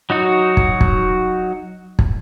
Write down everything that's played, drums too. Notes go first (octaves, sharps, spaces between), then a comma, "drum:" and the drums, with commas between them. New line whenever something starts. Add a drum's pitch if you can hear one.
F#3 D#4 F#4
drum: kick
drum: kick
drum: kick